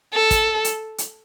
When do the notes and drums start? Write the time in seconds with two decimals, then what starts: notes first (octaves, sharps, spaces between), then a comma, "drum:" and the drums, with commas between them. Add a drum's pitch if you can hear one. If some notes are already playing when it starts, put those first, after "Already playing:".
0.14 A4
0.31 drum: kick, hi-hat
0.64 drum: hi-hat
0.98 drum: hi-hat